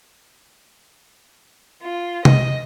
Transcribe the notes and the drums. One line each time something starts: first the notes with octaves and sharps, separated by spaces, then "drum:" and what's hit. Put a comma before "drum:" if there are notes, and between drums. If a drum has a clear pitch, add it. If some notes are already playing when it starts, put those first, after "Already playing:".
F4
D#5, drum: tom C3